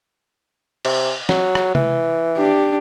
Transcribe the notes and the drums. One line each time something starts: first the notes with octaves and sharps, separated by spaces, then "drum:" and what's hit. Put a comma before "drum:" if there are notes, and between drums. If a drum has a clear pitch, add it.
C3, drum: cymbal
F#3, drum: snare
drum: rim click
E3, drum: tom C3
D4 G4